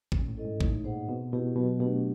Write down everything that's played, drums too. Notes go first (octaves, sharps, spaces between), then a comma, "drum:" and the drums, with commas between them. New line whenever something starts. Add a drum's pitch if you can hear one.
A#2 C#4, drum: kick A1
A2
E4 A4 C5 D#5
G#2
A2 D#4, drum: kick A1
A#2 G#4 C5 D#5 F#5
B2 C4
B2 E4 G4
B2 F#3
B2 A3 D4 G4